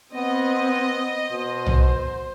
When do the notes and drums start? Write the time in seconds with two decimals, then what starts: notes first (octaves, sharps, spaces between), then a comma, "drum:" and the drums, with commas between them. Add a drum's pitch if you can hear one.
0.15 B3 C4 D#5
1.31 B2 C5
1.66 drum: tom B1